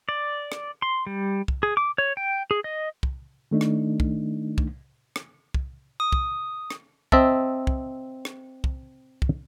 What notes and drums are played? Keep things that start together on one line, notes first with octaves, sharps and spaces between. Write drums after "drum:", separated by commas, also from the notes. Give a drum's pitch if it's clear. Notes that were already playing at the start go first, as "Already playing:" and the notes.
D5
drum: rim click
C6
G3
drum: kick
G#4
D6
C#5
G5
G#4
D#5
drum: kick
D#3 A3 D4 D#4
drum: rim click
drum: kick
drum: kick
drum: rim click
drum: kick
D#6
drum: kick
drum: rim click
C4 D#5 E5 A5, drum: kick
drum: kick
drum: rim click
drum: kick
drum: kick